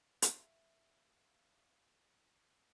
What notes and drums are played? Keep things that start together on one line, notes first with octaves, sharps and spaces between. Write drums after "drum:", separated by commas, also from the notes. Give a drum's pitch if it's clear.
E5 F5, drum: hi-hat